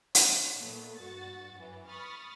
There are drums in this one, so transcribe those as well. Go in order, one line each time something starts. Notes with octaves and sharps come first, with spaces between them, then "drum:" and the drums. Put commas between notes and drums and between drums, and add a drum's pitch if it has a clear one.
C#5, drum: hi-hat
A#2 A3 B3
G2 F#4 A6
F#2 E3
B5 C#6 D#6 F6 A6